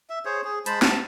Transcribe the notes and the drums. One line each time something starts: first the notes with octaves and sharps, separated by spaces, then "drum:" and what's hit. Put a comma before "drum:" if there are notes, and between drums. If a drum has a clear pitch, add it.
E5
G#4 C5 C#5
G#4
G#3 C5 A5 B5, drum: hi-hat
A5, drum: snare